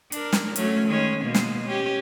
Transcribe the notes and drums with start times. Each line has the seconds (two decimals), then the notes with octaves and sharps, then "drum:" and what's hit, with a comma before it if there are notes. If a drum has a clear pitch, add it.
0.12 D4 A#4, drum: hi-hat
0.33 drum: snare
0.56 F#3 A3 C#4, drum: hi-hat
0.87 D#3 G#3 C#4
1.22 B2 G#3 A#3
1.35 drum: snare
1.67 C#4 G4